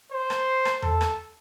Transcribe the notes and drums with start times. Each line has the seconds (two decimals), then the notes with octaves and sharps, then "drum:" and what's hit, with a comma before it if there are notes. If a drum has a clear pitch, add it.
0.12 C5
0.30 drum: rim click
0.65 drum: rim click
0.82 A4, drum: tom E2
1.01 drum: rim click